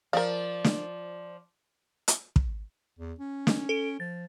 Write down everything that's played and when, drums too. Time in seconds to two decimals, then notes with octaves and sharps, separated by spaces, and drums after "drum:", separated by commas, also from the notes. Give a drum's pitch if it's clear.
0.13 F3 A#4 D5 F5
0.64 drum: snare
2.08 drum: hi-hat
2.36 drum: kick
2.99 E2
3.19 C#4
3.47 drum: snare
3.69 A4 D7
4.00 F3 A6